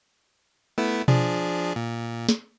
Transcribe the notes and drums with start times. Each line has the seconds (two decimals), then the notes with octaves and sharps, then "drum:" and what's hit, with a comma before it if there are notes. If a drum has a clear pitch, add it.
0.78 A3 B3 E4
1.08 F3 D4 G#4, drum: tom B2
1.76 A#2
2.29 drum: snare